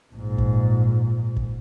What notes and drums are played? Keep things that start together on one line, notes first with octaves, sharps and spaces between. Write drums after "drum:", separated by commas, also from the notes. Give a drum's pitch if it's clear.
A#1 G#2
drum: kick
drum: kick